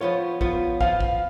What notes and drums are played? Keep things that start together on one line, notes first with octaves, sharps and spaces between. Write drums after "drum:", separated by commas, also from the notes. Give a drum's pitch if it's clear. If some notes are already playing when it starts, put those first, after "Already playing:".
F3 B3 F4 C#5
F3 B3 F4, drum: kick
F3 B3 F4 F5, drum: kick
drum: kick